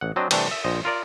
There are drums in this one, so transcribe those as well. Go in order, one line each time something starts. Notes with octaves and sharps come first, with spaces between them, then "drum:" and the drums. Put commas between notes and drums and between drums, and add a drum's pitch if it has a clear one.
A1 F#5
F#3 C4 D4 D#5
C3 E3 G3 A3 D4, drum: cymbal
E5
A#1 C5 D#5
F4 A#4 D5